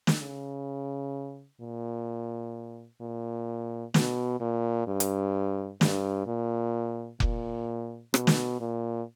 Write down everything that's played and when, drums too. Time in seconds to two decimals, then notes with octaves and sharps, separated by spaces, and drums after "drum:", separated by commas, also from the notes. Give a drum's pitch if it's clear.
0.07 drum: snare
0.21 C#3
1.61 A#2
3.01 A#2
3.94 B2, drum: snare
4.40 A#2
4.87 G2
5.00 drum: hi-hat
5.81 G2, drum: snare
6.27 A#2
7.20 A#2, drum: kick F1
8.14 B2, drum: rim click
8.27 drum: snare
8.60 A#2